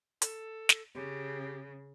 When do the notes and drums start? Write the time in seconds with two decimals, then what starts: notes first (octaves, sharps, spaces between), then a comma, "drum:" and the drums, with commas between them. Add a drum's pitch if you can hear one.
0.22 A4, drum: hi-hat
0.69 drum: snare
0.95 C#3 G4